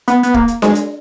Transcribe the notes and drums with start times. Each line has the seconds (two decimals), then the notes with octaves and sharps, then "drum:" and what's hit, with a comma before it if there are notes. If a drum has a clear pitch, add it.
0.08 B3, drum: hi-hat
0.23 B3, drum: hi-hat
0.34 A#3, drum: kick
0.48 drum: hi-hat
0.62 G#3, drum: snare D4
0.75 drum: hi-hat